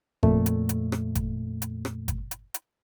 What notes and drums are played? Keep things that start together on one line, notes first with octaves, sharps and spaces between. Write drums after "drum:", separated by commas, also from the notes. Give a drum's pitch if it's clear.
F2 A#2 A3, drum: kick G1
drum: hi-hat
drum: hi-hat
drum: rim click
drum: kick G1, hi-hat
drum: hi-hat
drum: rim click
drum: kick G1, hi-hat
drum: hi-hat
drum: hi-hat